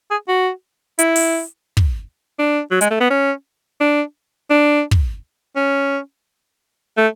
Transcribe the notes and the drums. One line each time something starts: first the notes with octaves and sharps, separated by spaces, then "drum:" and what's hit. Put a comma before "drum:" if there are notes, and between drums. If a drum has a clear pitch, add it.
G#4
F#4
E4, drum: hi-hat
drum: open hi-hat
drum: kick
D4
F#3
G#3, drum: hi-hat
A3
B3
C#4
D4
D4
drum: kick
C#4
A3